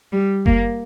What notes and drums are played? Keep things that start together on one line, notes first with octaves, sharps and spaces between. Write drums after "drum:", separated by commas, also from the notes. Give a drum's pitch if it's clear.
G3
A#3, drum: kick F#1